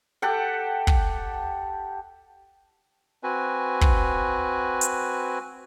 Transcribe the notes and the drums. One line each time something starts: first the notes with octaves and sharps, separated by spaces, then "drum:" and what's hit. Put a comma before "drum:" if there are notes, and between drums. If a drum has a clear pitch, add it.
G4 A4 F#5 G5
drum: kick
C4 F#4 B4 G#5
drum: kick
drum: hi-hat